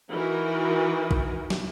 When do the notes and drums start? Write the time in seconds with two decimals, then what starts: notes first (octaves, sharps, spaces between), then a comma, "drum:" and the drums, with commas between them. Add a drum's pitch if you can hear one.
0.11 E3 D#4 F#4 A#4
1.11 drum: kick A#1
1.50 drum: snare